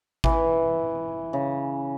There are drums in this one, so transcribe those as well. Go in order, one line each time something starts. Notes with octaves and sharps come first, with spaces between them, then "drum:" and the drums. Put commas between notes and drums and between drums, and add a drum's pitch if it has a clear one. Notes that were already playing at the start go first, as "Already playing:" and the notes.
E3, drum: kick
C#3